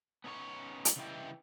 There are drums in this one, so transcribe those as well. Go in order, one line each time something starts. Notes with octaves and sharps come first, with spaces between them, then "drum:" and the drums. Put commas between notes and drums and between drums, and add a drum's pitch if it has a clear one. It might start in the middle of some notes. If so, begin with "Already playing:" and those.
B3 C#4 D#4 G4 C#5
drum: hi-hat
C#3 E3 G3 E4 D#5 G5